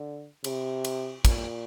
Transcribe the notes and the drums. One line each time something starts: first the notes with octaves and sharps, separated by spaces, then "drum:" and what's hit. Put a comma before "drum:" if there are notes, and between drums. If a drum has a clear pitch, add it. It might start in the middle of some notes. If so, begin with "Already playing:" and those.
Already playing: D3
C3, drum: cymbal
drum: cymbal
A#2, drum: kick, cymbal